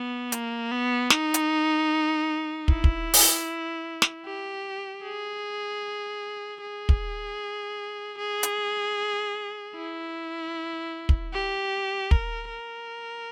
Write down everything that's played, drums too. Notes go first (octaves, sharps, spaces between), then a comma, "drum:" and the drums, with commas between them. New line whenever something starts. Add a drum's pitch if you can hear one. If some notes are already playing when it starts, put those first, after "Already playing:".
Already playing: B3
A#3, drum: hi-hat
B3
D#4, drum: snare
drum: hi-hat
E4, drum: kick
drum: kick
drum: open hi-hat
drum: snare
G4
G#4
G#4
drum: kick
G#4
drum: hi-hat
E4
drum: kick
G4
A#4, drum: kick
A#4